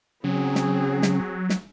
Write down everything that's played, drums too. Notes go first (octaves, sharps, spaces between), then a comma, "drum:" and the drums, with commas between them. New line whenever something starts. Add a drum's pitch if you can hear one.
C#3 F#3 C4 C#4 G#4
drum: snare
drum: snare
drum: snare